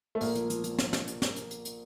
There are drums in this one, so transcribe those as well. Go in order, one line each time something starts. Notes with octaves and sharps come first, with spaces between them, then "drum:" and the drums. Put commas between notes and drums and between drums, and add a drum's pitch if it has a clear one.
A3
A#1 A#3, drum: open hi-hat
F3, drum: hi-hat
F3, drum: hi-hat
F3, drum: hi-hat
drum: snare
drum: snare
drum: hi-hat
drum: snare
drum: hi-hat
drum: hi-hat
drum: hi-hat